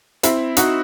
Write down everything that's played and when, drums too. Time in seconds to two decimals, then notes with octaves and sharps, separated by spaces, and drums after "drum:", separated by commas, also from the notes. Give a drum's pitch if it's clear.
0.23 C4 E4, drum: hi-hat
0.57 D#4 F#4, drum: hi-hat